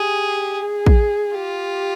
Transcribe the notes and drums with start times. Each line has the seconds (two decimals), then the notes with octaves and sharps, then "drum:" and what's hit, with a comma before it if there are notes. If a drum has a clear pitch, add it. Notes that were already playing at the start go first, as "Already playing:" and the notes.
Already playing: G4 G#4
0.63 G#4
0.86 drum: kick
1.34 F4 G4